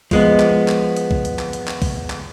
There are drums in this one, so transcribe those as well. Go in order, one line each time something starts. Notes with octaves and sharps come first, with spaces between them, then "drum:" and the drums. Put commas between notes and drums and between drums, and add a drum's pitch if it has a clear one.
F3 G#3 B3, drum: kick, open hi-hat
drum: clap
drum: clap
drum: hi-hat
drum: kick
drum: hi-hat
drum: clap
drum: hi-hat
drum: clap
drum: kick, open hi-hat
drum: clap